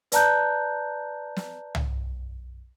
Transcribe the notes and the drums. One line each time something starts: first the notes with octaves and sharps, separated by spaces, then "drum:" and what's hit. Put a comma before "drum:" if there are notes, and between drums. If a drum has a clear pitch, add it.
B4 D5 A5 A#5 F#6 G6, drum: hi-hat
drum: snare
drum: tom C2